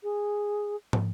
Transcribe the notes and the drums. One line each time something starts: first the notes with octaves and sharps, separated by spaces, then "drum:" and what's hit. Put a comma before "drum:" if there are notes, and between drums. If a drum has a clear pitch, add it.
G#4
drum: tom